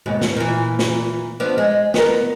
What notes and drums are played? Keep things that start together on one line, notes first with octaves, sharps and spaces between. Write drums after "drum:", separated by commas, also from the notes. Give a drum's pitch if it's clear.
D#2 G#2 B2
drum: snare
A#2 E3
drum: snare
F3 B3 D4
G#3
B3 A#4, drum: snare